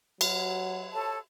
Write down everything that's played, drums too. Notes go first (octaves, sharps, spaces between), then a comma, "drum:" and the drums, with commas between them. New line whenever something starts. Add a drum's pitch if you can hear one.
F#3, drum: cymbal
A4 C#5 A5